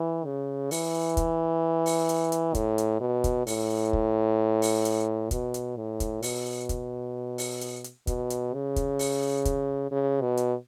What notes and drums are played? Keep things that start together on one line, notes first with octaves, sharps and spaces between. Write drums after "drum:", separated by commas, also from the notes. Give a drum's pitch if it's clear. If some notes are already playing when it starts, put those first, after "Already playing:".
Already playing: E3
C#3
E3, drum: open hi-hat
drum: kick, hi-hat
drum: open hi-hat
drum: hi-hat
drum: hi-hat
A2, drum: kick, hi-hat
drum: hi-hat
B2
drum: kick, hi-hat
A2, drum: open hi-hat
drum: kick
drum: open hi-hat
drum: hi-hat
B2, drum: kick, hi-hat
drum: hi-hat
A2
drum: kick, hi-hat
B2, drum: open hi-hat
drum: kick, hi-hat
drum: open hi-hat
drum: hi-hat
drum: hi-hat
B2, drum: kick, hi-hat
drum: hi-hat
C#3
drum: kick, hi-hat
drum: open hi-hat
drum: kick, hi-hat
C#3
B2
drum: hi-hat